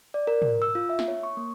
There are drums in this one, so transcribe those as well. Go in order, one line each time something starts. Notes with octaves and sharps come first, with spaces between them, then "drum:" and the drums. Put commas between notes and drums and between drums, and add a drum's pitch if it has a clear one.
D5
A#4
drum: tom
E6
F4
E5
drum: snare
C#5
C#6
A#3